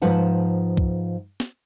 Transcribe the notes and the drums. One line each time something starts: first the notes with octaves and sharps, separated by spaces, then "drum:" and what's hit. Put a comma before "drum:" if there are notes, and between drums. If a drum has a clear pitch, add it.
G#2 F3 B4 F#5 A5
drum: kick C2
drum: snare